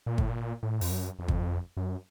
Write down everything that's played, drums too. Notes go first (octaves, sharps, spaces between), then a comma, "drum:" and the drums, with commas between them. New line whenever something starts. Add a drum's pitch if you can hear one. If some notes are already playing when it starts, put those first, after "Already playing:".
A#2
A2, drum: kick
A#2
A2
F2, drum: open hi-hat
F#2
F2
drum: kick
F#2